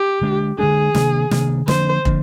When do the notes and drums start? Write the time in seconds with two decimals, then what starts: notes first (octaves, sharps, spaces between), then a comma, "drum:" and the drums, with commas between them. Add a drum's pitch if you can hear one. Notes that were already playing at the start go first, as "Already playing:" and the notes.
Already playing: G4
0.21 D3 G#3 D4
0.59 D3 G#3 D4 G#4
0.95 C3 D#3 A#3 D4, drum: snare
1.31 C3 D#3 A#3 D4, drum: snare
1.68 D3 F3 A#3 D4 C5, drum: snare
2.05 D3 F3 A#3 D4, drum: kick